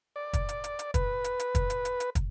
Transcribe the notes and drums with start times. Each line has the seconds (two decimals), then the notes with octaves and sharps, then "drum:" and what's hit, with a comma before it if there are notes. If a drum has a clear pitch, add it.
0.16 D5
0.33 drum: kick, hi-hat
0.49 drum: hi-hat
0.64 drum: hi-hat
0.79 drum: hi-hat
0.94 B4, drum: kick, hi-hat
1.24 drum: hi-hat
1.40 drum: hi-hat
1.55 drum: kick, hi-hat
1.70 drum: hi-hat
1.85 drum: hi-hat
2.00 drum: hi-hat
2.15 drum: kick, hi-hat